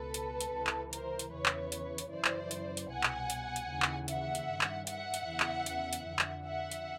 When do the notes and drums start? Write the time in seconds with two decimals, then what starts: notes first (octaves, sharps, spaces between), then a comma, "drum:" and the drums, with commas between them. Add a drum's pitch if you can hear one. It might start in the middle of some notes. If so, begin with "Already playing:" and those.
Already playing: C#2 B2 A4 B4
0.14 drum: hi-hat
0.41 drum: hi-hat
0.53 C#2 C3 E3
0.67 drum: clap
0.93 A#4 C5, drum: hi-hat
1.19 drum: hi-hat
1.32 E2 C#3 E3 B4 C#5
1.46 drum: clap
1.72 drum: hi-hat
1.98 drum: hi-hat
2.11 F#2 C#3 E3 C5 D5
2.25 drum: clap
2.51 drum: hi-hat
2.77 drum: hi-hat
2.90 C2 B2 F#5 G#5
3.03 drum: clap
3.30 drum: hi-hat
3.56 drum: hi-hat
3.69 D#2 C#3 E3
3.82 drum: clap
4.08 E5 F#5, drum: hi-hat
4.35 drum: hi-hat
4.47 G2 D#3
4.61 drum: clap
4.87 E5 F#5, drum: hi-hat
5.14 drum: hi-hat
5.26 E2 C#3 E3
5.40 drum: clap
5.66 drum: hi-hat
5.93 drum: hi-hat
6.06 F2 D3
6.19 drum: clap
6.45 E5 F#5
6.72 drum: hi-hat